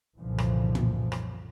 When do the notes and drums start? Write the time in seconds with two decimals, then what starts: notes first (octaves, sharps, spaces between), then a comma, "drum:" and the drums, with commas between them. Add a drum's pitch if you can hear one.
0.20 C2 F#2 A#2 D3 E3 F3
0.38 drum: rim click
0.75 drum: tom
1.12 drum: rim click